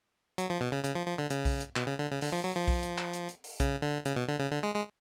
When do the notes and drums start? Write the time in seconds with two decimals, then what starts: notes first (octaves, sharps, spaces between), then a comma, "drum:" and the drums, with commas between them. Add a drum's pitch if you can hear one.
0.38 F#3, drum: hi-hat
0.50 F3
0.61 B2
0.72 C#3
0.84 C#3, drum: hi-hat
0.95 F3
1.07 F3
1.18 D3
1.30 C#3, drum: hi-hat
1.45 drum: kick B1, open hi-hat
1.60 drum: hi-hat
1.76 B2, drum: clap
1.87 C#3
1.99 D3
2.11 C#3
2.21 D3, drum: open hi-hat
2.33 F3
2.44 F#3
2.56 F3
2.68 drum: kick B1, open hi-hat
2.83 drum: hi-hat
2.98 drum: clap
3.13 drum: hi-hat
3.29 drum: hi-hat
3.44 drum: open hi-hat
3.60 C#3, drum: kick B1, hi-hat
3.82 D3
4.05 C#3, drum: hi-hat
4.16 B2
4.28 D3
4.39 C#3
4.51 D3
4.63 G#3
4.75 G#3